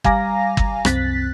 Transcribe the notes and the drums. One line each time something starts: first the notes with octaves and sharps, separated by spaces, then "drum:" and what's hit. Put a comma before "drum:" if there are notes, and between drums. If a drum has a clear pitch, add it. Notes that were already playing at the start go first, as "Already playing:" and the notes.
G3 F5 G#5 A#5 D6 A#6, drum: kick G1
drum: kick G1
C2 F#2 C4 F#6 A6 B6, drum: rim click